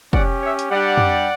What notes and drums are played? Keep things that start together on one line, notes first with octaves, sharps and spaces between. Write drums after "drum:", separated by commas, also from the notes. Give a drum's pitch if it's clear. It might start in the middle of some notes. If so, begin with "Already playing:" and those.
C#4 G4 D5 F#5, drum: kick
C#5 E5
drum: hi-hat
G3 D4 G4 D5 F#5
drum: tom